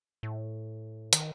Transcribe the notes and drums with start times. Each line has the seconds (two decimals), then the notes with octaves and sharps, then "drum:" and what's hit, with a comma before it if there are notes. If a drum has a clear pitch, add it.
0.23 A2
1.13 D#3, drum: hi-hat